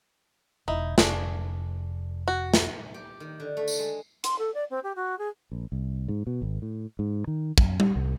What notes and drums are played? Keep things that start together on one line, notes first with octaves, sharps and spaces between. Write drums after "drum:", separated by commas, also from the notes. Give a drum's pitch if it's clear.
E1 D#4 E4
F1 D4 G#4, drum: snare
F#4
drum: snare
G4
D#3
D3
A3
drum: tambourine
G#3
C6, drum: hi-hat
A4
D5
C4
G4
F#4
G#4
A#1
C2
G#2
B2
G#1
A2
G#2
D#3
F#2, drum: kick
G3, drum: tom G3
C2